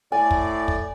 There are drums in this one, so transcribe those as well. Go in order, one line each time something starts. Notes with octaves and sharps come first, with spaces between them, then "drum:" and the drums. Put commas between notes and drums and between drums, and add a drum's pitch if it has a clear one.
A2 D5 G#5
drum: kick
drum: kick